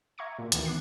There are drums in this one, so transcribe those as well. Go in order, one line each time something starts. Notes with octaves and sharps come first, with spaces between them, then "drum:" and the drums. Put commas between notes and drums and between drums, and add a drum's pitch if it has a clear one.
E5 A#5 C#6 G#6 C#7
A#2
D2 D#3 E3, drum: hi-hat
B3 D6 F#6 C7